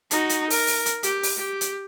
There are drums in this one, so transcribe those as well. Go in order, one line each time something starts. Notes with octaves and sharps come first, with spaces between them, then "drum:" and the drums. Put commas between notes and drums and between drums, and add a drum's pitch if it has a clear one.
D#4 F#4, drum: hi-hat
drum: hi-hat
A#4, drum: open hi-hat
drum: open hi-hat
drum: hi-hat
G4, drum: hi-hat
drum: open hi-hat
G4
drum: hi-hat